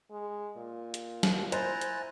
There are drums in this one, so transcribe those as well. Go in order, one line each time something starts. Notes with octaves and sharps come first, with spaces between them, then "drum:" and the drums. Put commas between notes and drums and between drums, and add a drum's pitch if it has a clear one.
G#3
A#2
drum: hi-hat
drum: snare
E4 C5 G#5 A#5 F#6 A6, drum: hi-hat
drum: hi-hat